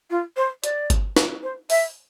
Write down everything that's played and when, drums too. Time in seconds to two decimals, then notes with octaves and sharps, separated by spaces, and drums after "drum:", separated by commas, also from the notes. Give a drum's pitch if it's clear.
0.10 F4
0.37 C5
0.64 D5, drum: hi-hat
0.90 drum: kick G1, hi-hat
1.17 drum: snare
1.43 C5
1.70 E5, drum: open hi-hat